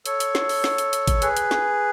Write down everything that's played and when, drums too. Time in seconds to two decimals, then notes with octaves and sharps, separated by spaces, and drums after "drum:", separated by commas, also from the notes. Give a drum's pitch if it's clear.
0.06 A4 C#5, drum: hi-hat
0.20 drum: hi-hat
0.35 drum: snare
0.49 drum: open hi-hat
0.64 drum: snare
0.78 drum: hi-hat
0.93 drum: hi-hat
1.07 drum: kick G#1, hi-hat
1.22 G#4 B4, drum: hi-hat
1.37 drum: hi-hat
1.51 drum: snare